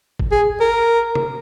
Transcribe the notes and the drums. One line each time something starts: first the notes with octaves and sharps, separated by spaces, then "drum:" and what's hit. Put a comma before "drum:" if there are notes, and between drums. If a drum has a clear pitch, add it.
drum: kick G1
G#4
A#4
drum: tom C3